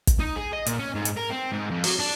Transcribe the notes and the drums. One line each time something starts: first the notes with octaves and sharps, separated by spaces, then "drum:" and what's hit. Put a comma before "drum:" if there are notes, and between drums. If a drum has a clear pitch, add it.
drum: kick, hi-hat
D#4
G#4
D#5
A#2, drum: hi-hat
C#4
G#2
drum: hi-hat
A#4
C4
G#2
F2
F#3, drum: open hi-hat
D4